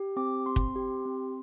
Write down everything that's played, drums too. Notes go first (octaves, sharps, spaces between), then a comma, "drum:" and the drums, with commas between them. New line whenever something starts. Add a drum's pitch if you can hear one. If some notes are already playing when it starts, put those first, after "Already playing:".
Already playing: G4
C4 D6
C4 C6
drum: kick
G4
C4